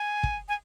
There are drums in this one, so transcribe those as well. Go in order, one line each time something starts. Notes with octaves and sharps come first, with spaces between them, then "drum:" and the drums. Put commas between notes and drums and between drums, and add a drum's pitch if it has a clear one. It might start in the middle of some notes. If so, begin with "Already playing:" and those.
Already playing: G#5
drum: kick
G#5